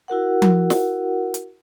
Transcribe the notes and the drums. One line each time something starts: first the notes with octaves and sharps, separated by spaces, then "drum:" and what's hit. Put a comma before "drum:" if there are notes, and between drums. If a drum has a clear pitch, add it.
E4 F#4 A#4 F#5
drum: tom F3
drum: snare
drum: hi-hat